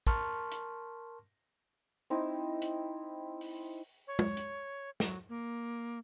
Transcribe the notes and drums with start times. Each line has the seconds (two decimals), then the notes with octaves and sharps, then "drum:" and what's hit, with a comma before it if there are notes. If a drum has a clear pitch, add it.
0.07 A#4 A5 C6 C#6 F6, drum: kick
0.52 drum: hi-hat
2.10 C4 D#4 E4
2.62 drum: hi-hat
3.41 drum: open hi-hat
4.07 C#5
4.19 drum: tom
4.37 drum: hi-hat
5.00 F#3, drum: snare
5.29 A#3